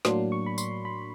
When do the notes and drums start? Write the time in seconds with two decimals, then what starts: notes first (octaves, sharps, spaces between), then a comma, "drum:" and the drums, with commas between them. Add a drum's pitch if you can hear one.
0.05 A2 F#3 A#3 D4 C6, drum: snare
0.32 C#6
0.46 B5
0.58 C6, drum: tambourine
0.85 B5